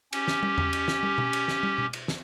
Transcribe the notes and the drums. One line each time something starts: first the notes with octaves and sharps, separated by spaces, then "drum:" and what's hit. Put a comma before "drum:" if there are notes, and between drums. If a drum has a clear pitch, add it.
C#4 G4, drum: cymbal
drum: snare
drum: tom
drum: tom E2
drum: cymbal
drum: snare
drum: tom
drum: tom B2
drum: cymbal
drum: snare
drum: tom
drum: tom B2
drum: cymbal
drum: snare